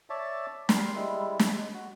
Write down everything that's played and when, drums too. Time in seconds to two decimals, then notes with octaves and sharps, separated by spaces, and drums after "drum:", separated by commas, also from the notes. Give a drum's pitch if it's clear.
0.10 C#5 D5 E5 A5
0.69 G3 A#4 C6, drum: snare
0.95 G3 G#3 E4
1.39 drum: snare
1.54 G#3
1.74 F#4